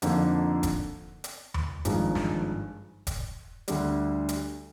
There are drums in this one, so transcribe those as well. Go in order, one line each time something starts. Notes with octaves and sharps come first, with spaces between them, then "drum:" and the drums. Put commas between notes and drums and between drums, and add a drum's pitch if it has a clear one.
F2 D3 F3 A#3 D#4, drum: hi-hat
drum: kick E1, hi-hat
drum: hi-hat
drum: tom D#2
G#1 G2 F3 G#3 D#4, drum: hi-hat
drum: snare
drum: kick E1, hi-hat
D2 D3 G3, drum: hi-hat
drum: hi-hat